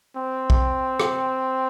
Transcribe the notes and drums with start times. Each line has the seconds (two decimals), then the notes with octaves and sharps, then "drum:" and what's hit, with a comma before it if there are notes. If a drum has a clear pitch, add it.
0.17 C4
0.50 drum: kick B1
1.00 drum: rim click